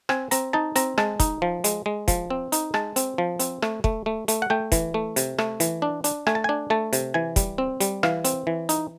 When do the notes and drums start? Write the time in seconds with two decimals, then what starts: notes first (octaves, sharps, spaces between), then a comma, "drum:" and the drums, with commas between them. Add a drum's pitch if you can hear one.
0.09 C4 G#5, drum: rim click
0.31 C4 A#5, drum: hi-hat
0.53 D#4 A5
0.76 C4 A#5, drum: hi-hat
0.98 G#3 A5, drum: rim click
1.20 D#4, drum: kick, hi-hat
1.42 F3
1.64 G#3, drum: hi-hat
1.86 G#3
2.08 F3, drum: kick, hi-hat
2.30 C4
2.52 D#4, drum: hi-hat
2.74 G#3 A5, drum: rim click
2.96 C4, drum: hi-hat
3.18 F3
3.39 C4, drum: hi-hat
3.62 A3, drum: rim click
3.84 A3, drum: kick
4.06 A3
4.28 A3, drum: hi-hat
4.42 F#5
4.50 A3 G5
4.72 E3, drum: kick, hi-hat
4.94 A3
5.16 C3, drum: hi-hat
5.39 A3, drum: rim click
5.60 E3, drum: hi-hat
5.82 D4
6.04 D4, drum: hi-hat
6.27 A3 G#5, drum: rim click
6.35 A5
6.44 D4 G#5
6.70 A3 A5
6.93 C3, drum: hi-hat
7.14 E3 G#5
7.36 G3, drum: kick, hi-hat
7.58 C4
7.80 G3, drum: hi-hat
8.03 E3 F5, drum: rim click
8.25 C4, drum: hi-hat
8.47 E3
8.69 D#4, drum: hi-hat